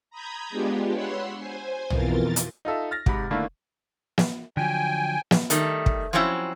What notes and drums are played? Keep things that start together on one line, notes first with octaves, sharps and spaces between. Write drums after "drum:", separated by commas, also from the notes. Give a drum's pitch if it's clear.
A#5 B5 D#6 G6 G#6
G#3 B3 D4 F4 G4
C#5 F#5 B5 C6 E6
C5 G#5
F2 B2 E3 F4 A#4 A6, drum: tom
drum: hi-hat
D#4 F4 A4 E5
F6 A6 A#6
G#2 C3 B5, drum: kick
D3 D#3 A3 A#3 D4 E4
drum: snare
D3 F3 F#3 G5 G#5
drum: snare
D#3 G3 A3, drum: hi-hat
drum: kick
F3 F#3 C4 C#4 E4